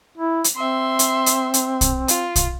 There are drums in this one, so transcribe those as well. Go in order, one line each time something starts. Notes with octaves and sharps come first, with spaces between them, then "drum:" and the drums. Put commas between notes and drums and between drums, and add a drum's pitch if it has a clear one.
E4
drum: hi-hat
C4 E5 C6
drum: hi-hat
drum: hi-hat
drum: hi-hat
drum: kick, hi-hat
F4, drum: hi-hat
drum: kick, hi-hat